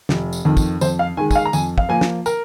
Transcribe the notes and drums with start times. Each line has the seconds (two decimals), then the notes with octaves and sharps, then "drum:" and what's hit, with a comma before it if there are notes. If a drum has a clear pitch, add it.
0.09 F1, drum: snare
0.33 drum: tambourine
0.45 F2 D#3
0.57 drum: kick, tambourine
0.81 F2 C5, drum: tambourine
0.99 F5
1.17 D#3 G#3 G#5
1.31 G#5, drum: kick, tambourine
1.35 F5
1.45 A#5
1.53 F2 G#5, drum: tambourine
1.78 F5, drum: kick
1.89 F3 A#3 G#5
2.01 drum: snare
2.26 A#4, drum: tambourine